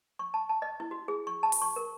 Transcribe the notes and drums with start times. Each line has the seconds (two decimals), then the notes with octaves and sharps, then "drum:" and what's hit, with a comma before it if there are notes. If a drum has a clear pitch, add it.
0.19 C#6
0.34 A5
0.49 A5
0.62 D#5
0.80 E4
0.91 F#4
1.08 G#4
1.27 C#6
1.43 A5
1.52 drum: open hi-hat
1.62 C#6
1.76 A#4